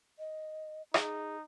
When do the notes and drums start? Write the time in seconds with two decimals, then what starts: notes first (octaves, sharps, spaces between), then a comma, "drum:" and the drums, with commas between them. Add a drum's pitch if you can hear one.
0.19 D#5
0.94 D#4 G#4, drum: rim click